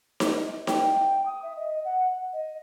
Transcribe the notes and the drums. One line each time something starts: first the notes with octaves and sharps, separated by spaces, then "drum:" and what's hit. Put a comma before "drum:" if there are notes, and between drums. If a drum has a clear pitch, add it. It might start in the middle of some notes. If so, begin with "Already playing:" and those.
drum: snare D#4
G5, drum: snare D#4
D#6
E5
D#5
F#5
D#5